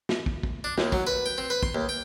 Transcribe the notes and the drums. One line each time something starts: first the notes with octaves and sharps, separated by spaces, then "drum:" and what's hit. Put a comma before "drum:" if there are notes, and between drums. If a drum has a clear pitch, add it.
drum: snare
drum: kick
drum: kick
D4
D#2, drum: snare
F#3, drum: kick
B4
G5
C4
B4
C6, drum: kick
D#2
G5